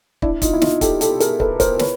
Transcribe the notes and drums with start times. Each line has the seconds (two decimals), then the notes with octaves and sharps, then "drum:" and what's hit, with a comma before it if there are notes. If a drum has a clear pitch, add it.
0.22 D4 E4, drum: kick
0.42 D#4 F4, drum: kick, hi-hat
0.54 E4
0.62 D#4 F4, drum: snare
0.81 G4 A4, drum: kick, hi-hat
1.01 G4 A4, drum: hi-hat
1.20 G#4 A#4, drum: hi-hat
1.40 A4 B4, drum: kick
1.60 A#4 C5, drum: kick, hi-hat
1.80 B4 C#5, drum: snare